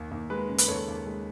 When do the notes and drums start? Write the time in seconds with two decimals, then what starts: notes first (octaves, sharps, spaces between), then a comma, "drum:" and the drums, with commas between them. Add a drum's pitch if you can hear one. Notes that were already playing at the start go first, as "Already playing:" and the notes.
Already playing: D#2
0.11 D#2
0.30 G#3 B4
0.49 C#3
0.58 B4, drum: hi-hat
0.68 D#2 A4 C#5
0.88 D#2
1.06 G#3